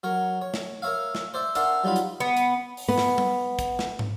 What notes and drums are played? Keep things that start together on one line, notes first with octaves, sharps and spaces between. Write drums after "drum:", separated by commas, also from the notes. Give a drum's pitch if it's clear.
F#3 A#4 C#5
C#5
drum: snare
A#4 C#5 E5 F5
drum: snare
C5 D5 E5
D4 A#4 E5 F#5 A5 C6, drum: hi-hat
F#3 G3 D#4 F4 B5
drum: hi-hat
B3
drum: hi-hat
drum: open hi-hat
B3
drum: snare
drum: tom
drum: kick, hi-hat
drum: snare
drum: tom